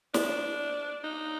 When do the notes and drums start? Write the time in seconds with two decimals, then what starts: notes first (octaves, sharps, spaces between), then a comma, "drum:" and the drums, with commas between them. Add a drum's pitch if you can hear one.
0.14 D4, drum: snare
1.04 D#4